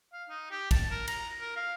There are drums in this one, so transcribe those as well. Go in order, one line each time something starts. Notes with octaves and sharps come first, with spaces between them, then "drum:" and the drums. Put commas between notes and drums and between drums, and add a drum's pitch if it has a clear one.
F5
D#4
G4
A5, drum: kick, cymbal
A#4
A#5, drum: cymbal
A#4
F5